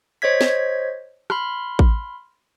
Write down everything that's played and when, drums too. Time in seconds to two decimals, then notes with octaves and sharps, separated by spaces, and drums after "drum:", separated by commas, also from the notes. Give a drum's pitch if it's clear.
0.22 C5 C#5 D#5 G#6 B6
0.41 drum: snare
1.30 B5 C6 F6, drum: rim click
1.79 drum: kick